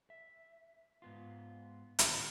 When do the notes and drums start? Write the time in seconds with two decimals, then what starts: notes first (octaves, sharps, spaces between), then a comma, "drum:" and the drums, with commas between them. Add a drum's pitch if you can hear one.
0.10 E5
1.02 G#2 B3 F4
1.99 A2 D3 D#3 C#4 E4 F4, drum: hi-hat